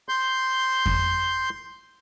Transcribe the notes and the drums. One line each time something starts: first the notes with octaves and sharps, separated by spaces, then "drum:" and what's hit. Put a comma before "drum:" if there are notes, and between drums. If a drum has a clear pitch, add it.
C6 G6
drum: kick F2